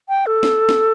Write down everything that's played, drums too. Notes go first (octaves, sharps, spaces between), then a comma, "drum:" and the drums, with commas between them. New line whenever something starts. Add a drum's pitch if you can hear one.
G5
A4
drum: snare
drum: snare